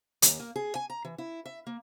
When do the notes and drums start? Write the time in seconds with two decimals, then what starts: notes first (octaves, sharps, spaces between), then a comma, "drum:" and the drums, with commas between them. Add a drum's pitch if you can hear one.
0.22 D#2, drum: hi-hat
0.40 A#3
0.56 G#4
0.75 G#5
0.90 A#5
1.05 E3
1.18 E4
1.46 E5
1.67 A#3